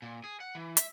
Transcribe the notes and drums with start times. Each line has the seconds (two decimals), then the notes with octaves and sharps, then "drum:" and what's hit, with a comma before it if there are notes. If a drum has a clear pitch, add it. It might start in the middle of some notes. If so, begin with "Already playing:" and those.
0.02 A#2
0.24 G#4
0.40 F#5
0.55 E3
0.77 E5, drum: hi-hat